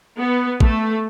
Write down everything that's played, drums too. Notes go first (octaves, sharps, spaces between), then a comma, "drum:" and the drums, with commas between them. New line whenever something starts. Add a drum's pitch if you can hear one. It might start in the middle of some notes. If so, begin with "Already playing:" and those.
B3
A3, drum: kick